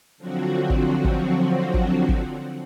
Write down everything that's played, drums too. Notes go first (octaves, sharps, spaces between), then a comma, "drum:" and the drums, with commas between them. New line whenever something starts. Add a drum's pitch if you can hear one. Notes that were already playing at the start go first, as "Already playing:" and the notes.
D3 F3 F#3 C4 F#4
drum: kick
drum: kick
drum: kick
drum: kick